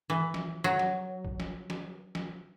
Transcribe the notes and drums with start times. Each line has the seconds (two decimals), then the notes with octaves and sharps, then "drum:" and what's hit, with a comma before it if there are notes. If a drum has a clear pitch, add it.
0.10 E3
0.34 drum: snare
0.64 F#3
0.79 drum: snare
1.25 drum: kick
1.40 drum: snare
1.70 drum: snare
2.15 drum: snare